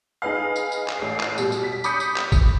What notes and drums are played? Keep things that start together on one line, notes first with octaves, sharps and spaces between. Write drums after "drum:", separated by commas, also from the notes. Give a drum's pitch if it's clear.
D#4 G#4 B4 F5
drum: tambourine
drum: tambourine
drum: clap
A1 C7
drum: clap
B2 G3, drum: tambourine
drum: tambourine
B6
B5 D6 D#6 G6 B6 C#7, drum: tambourine
drum: tambourine
drum: clap
drum: kick G1, tambourine